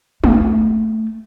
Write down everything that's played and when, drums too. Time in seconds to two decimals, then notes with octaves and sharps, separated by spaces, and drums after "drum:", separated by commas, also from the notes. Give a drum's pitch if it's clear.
0.24 A3, drum: tom G#3